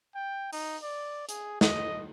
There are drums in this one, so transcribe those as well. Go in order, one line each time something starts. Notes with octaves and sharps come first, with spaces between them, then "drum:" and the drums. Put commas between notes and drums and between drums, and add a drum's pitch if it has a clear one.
G5
D#4, drum: open hi-hat
D5
G#4, drum: hi-hat
D#5, drum: snare